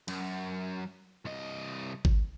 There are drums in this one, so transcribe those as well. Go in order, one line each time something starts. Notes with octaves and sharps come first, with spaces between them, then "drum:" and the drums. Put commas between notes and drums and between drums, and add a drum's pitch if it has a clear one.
F#2, drum: cymbal
C2 D#5
drum: kick G#1